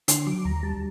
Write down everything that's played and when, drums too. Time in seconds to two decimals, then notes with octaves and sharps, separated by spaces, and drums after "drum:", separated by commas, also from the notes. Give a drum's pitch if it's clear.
0.08 D3 C6, drum: hi-hat
0.27 F#3 D6
0.45 D#2 A#5
0.63 G3 A5